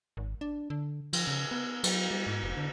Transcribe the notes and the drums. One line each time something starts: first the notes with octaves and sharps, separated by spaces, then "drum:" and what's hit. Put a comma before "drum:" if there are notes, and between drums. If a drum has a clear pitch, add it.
G#1
D4
D3
F3, drum: cymbal
C#3
B3
F#3, drum: cymbal
G3
G#2
F1
D3